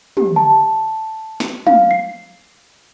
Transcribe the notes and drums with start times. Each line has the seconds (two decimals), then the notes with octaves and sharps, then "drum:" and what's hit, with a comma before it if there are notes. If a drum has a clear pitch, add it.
0.17 G4, drum: tom
0.36 A5
1.40 drum: snare
1.67 F5, drum: tom
1.91 C7